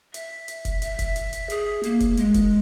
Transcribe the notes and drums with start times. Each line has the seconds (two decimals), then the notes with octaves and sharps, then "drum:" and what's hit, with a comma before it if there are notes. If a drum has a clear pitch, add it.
0.14 E5, drum: hi-hat
0.48 drum: hi-hat
0.65 drum: kick, hi-hat
0.82 E5, drum: hi-hat
0.99 drum: kick, hi-hat
1.16 drum: hi-hat
1.33 drum: hi-hat
1.50 G#4, drum: hi-hat
1.83 A#3, drum: hi-hat
2.00 drum: kick, hi-hat
2.17 G#3, drum: hi-hat
2.34 drum: kick, hi-hat